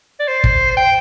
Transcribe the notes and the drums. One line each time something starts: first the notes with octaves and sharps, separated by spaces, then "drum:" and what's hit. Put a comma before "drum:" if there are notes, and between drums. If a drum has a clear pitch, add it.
D5
C5
drum: kick
G5